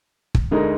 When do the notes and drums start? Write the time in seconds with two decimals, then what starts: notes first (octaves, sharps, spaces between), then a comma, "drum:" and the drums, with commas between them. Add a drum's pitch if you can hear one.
0.35 drum: kick
0.51 D2 D3 G#3 D#4 A#4